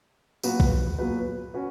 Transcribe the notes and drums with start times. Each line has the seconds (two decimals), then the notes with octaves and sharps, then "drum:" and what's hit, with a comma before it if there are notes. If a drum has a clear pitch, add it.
0.43 A#2 F#3 B3 F#4 B4, drum: tambourine
0.60 drum: kick
0.99 A#2 F#3 B3 F#4 B4
1.54 C#4 F#4 B4